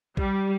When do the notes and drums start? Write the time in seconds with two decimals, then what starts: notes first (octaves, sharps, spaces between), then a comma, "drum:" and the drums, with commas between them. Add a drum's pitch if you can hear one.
0.17 G3, drum: kick A#1